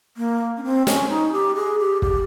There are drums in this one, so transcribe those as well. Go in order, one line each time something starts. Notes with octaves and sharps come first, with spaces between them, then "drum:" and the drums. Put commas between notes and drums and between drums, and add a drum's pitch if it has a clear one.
A#3
C#4
C4
C#4, drum: snare
D#4
G4
G#4
G4
G4, drum: kick